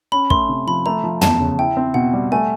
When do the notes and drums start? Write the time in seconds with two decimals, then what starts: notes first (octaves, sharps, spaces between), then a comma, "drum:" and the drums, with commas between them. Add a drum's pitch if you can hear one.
0.12 C#4 B5
0.30 A3 C6, drum: kick
0.49 C3
0.67 F3 B5
0.86 A3 A#5
1.04 F3
1.21 E2 A5, drum: tom
1.40 C#3
1.59 E4 G5
1.77 C4
1.94 B2 F#5
2.13 G3
2.32 A3 G#5